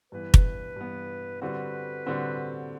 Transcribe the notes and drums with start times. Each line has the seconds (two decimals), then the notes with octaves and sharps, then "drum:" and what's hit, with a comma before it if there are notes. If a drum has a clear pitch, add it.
0.12 G2 E3 B3 B4
0.34 drum: kick
0.76 G2 E3 B3
1.42 D3 G3 C4 F#4 B4
2.06 D3 G3 C4 F#4